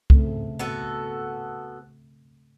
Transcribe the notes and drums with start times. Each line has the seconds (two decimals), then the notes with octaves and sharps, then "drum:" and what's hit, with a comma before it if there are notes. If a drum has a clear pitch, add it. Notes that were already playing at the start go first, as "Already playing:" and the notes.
0.10 C#3 A3 C4, drum: kick
0.59 B3 F#4 A4